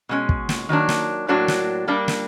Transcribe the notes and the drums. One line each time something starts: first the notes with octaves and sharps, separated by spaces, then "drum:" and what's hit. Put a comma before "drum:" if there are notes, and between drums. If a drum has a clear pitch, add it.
B2 G#3 C#4
drum: kick
drum: snare
D#3 F#3 A#3 D4
drum: snare
A2 F#3 A#3 D4 F#4
drum: snare
G3 A#3 D4
drum: snare